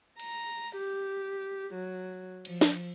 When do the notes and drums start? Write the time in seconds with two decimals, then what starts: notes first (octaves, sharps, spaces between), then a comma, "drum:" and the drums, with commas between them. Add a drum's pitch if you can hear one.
0.19 A#5, drum: cymbal
0.77 G4
1.74 F#3
2.45 F3, drum: cymbal
2.61 drum: snare